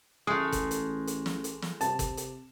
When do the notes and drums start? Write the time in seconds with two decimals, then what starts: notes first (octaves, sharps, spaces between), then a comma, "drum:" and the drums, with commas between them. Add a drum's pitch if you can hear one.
0.27 A1 G#3 A3 D#6
0.52 drum: kick, hi-hat
0.71 drum: hi-hat
1.07 drum: hi-hat
1.26 drum: snare
1.44 drum: hi-hat
1.62 drum: snare
1.81 C3 A5, drum: hi-hat
1.99 drum: kick, hi-hat
2.17 drum: hi-hat